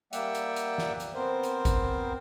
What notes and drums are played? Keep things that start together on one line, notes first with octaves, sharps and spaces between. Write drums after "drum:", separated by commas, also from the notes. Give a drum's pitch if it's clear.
G3 A#3 D5 E5 F#5 G5, drum: hi-hat
drum: hi-hat
drum: hi-hat
drum: snare
drum: hi-hat
B3 C4 A#4 C5
drum: hi-hat
drum: kick G#1, hi-hat